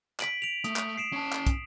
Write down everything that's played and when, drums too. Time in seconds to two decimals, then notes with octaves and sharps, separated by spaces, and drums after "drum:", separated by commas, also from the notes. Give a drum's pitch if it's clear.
0.20 B6 D7 F#7, drum: clap
0.42 D7 F7
0.64 A3 D#6, drum: hi-hat
0.76 drum: clap
0.97 C7 D7 E7
1.13 C#4 A5
1.32 drum: clap
1.47 drum: kick, hi-hat